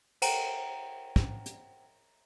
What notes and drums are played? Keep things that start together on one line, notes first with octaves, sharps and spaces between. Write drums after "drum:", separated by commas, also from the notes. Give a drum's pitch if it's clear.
C5 F#5 G5 A#5 D7, drum: cymbal
drum: kick
drum: hi-hat